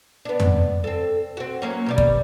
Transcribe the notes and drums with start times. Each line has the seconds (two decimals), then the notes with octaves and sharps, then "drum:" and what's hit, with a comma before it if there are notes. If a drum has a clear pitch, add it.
0.25 B3 D4
0.40 drum: tom
0.84 C4 A4
1.37 C4 F#4
1.62 F#3 A#3 C#4
1.86 B2 G3 D5
1.98 drum: kick